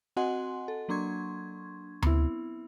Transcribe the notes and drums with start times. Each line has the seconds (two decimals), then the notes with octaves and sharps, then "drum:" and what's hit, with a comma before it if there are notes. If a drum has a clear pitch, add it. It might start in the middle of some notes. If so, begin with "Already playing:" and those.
0.16 C4 F#4 D#5 F#5 G#5 C6
0.68 A4
0.89 F#3 A#3 D4 C6 C#6 G#6
2.02 B3 C4 E4, drum: tom D2